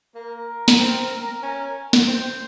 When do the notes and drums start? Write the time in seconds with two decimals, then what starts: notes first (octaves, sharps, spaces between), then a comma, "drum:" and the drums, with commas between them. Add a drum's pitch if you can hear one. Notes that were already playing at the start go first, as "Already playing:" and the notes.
0.15 A#3 A#4
0.68 drum: snare
0.80 C4
1.43 C#4
1.93 drum: snare
2.07 C4 C5